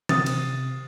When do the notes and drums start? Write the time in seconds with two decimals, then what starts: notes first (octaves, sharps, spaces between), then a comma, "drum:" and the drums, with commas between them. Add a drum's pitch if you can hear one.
0.09 C3 D#6 A6, drum: tom D#3
0.26 drum: cymbal